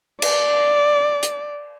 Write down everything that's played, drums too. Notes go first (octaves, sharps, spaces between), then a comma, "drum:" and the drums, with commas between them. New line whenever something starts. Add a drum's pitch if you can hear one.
D5, drum: cymbal
drum: hi-hat